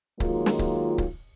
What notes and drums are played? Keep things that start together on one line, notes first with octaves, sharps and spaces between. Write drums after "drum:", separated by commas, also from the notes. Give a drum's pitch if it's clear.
D#3 F#3 G#3 A#3 F4, drum: kick C#1
drum: snare
drum: kick C#1
drum: kick C#1